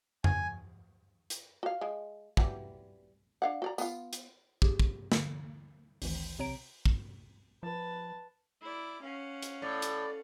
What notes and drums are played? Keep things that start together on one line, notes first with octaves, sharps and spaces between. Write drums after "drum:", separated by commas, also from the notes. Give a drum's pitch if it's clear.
G#5, drum: tom F2
drum: hi-hat
F#4 F5
G#3
E3 F#3 G3, drum: kick
D4 F5 F#5
F#4 D5 A#5
B3 F4, drum: tambourine
drum: hi-hat
G4 G#4, drum: kick
drum: kick
D3, drum: snare
G#1 D2 E3, drum: open hi-hat
B1 C3 C4 C#5 A#5 D7
drum: kick
F3 B4 A5
E4 D5
C#4 F5 F#5
drum: hi-hat
A2 D5
drum: hi-hat